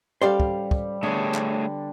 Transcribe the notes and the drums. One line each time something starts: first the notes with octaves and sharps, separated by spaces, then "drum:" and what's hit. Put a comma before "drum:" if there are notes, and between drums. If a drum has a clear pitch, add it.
G3 C#4 G4 A4 C5 D5 F5
drum: kick
drum: kick
D3 A3 B3 D4 G#4 C#5
drum: clap